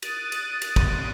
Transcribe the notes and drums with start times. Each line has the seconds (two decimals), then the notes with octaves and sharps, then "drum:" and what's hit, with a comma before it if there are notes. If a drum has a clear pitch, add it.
0.02 D#6 F#6 A6 D7 D#7, drum: cymbal
0.32 drum: cymbal
0.62 drum: cymbal
0.76 drum: kick